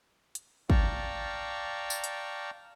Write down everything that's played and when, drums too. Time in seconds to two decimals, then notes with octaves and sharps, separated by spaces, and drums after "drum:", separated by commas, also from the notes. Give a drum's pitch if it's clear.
0.35 drum: hi-hat
0.70 D5 F5 G5 A5 A#5 C#6, drum: kick
1.90 drum: tambourine
2.04 drum: hi-hat